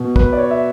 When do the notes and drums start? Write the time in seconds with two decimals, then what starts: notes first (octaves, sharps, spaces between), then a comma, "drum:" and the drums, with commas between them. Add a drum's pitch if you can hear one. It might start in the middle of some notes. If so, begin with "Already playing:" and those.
Already playing: B2
0.16 B4, drum: kick
0.33 D5
0.38 C#5
0.51 E5